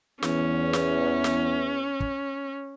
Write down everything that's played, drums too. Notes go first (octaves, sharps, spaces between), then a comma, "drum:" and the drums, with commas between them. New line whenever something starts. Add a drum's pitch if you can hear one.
E2 C#4, drum: snare
drum: snare
drum: snare
drum: kick